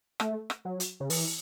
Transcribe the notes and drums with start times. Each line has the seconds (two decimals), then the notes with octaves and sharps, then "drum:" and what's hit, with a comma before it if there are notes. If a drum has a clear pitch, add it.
0.20 A3, drum: rim click
0.50 drum: rim click
0.65 F#3
0.80 drum: hi-hat
1.00 C#3
1.10 E3, drum: open hi-hat